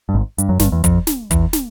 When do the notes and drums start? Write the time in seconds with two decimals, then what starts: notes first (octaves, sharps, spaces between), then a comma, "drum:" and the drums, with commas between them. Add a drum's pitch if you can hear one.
0.09 G2
0.14 G#1 G#2
0.38 G2, drum: hi-hat
0.49 F#2
0.59 G1 G2, drum: snare
0.72 E2
0.84 F2, drum: kick, hi-hat
1.07 drum: snare
1.31 E2, drum: kick, hi-hat
1.53 drum: snare